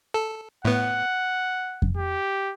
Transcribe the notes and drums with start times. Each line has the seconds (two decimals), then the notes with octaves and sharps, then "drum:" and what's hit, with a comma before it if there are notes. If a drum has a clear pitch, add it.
0.14 A4
0.65 A2 B3 F#5
1.82 drum: kick F2
1.97 G4